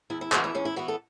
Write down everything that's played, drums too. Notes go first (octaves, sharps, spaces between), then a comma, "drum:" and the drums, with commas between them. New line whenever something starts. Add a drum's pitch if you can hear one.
E2 E4
E4
E3 B3 F#4, drum: clap
E4
E2 C#4
E4
E3 B3 F#4
A4